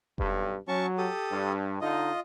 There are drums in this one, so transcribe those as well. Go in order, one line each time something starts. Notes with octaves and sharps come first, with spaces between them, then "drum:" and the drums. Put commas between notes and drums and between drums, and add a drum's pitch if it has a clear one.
B1 G2, drum: kick F1
F#3 C#4 A5 C#6
G4 A4 D#6
G2
D3 D#4 F4 D#5